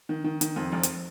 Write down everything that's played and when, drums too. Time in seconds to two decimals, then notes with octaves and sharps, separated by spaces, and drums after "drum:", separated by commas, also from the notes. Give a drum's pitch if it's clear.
0.09 D#3
0.24 D#3
0.41 D#3, drum: hi-hat
0.56 F2
0.72 F1
0.83 drum: hi-hat